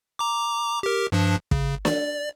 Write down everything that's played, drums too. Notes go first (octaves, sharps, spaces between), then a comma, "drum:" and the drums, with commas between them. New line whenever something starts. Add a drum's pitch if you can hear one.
A#5 D6
G4 A#4
G2 F3 D4
C#3, drum: kick
D5, drum: snare